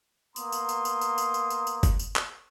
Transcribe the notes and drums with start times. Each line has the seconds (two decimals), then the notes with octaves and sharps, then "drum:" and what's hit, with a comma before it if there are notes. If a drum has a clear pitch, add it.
0.36 A#3 B3 A#5 C6 D#6, drum: tambourine
0.52 drum: tambourine
0.69 drum: tambourine
0.85 drum: tambourine
1.01 drum: tambourine
1.18 drum: tambourine
1.34 drum: tambourine
1.50 drum: tambourine
1.67 drum: tambourine
1.83 drum: kick, tambourine
1.99 drum: tambourine
2.16 drum: clap